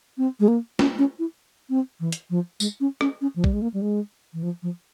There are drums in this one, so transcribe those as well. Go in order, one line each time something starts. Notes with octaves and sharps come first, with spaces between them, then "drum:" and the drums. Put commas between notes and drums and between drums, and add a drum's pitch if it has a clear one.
C4
G#3
A#3
C#4, drum: snare
C#4
E4
C4
E3
drum: hi-hat
F3
G#3, drum: tambourine
C#4
C#4, drum: rim click
C#4
F3
G3, drum: kick A#1
G#3
A#3
G3
G#3
E3
F3
F3